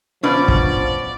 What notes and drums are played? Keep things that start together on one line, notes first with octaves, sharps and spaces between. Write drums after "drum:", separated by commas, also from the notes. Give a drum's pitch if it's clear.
B2 F3 C#4 D4 B4 D5 F5
drum: kick